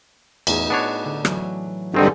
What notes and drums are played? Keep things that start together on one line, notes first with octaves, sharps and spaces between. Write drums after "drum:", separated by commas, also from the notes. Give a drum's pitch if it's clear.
E2 A2 D#4 G#4, drum: cymbal
B3 D4 C#5
D3 A5
E3 F#3, drum: rim click
G2 D3 D#3 C4 D#4 G#4